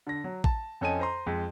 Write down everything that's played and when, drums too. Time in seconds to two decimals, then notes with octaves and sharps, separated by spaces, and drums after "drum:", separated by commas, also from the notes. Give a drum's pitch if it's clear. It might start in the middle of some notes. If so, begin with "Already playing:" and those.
0.07 D3 A#6
0.24 F#3
0.44 A5, drum: kick
0.81 F2 C#4 A4 D#5 G#5 D#7
0.99 C5 A#5 C6
1.27 F2 G#3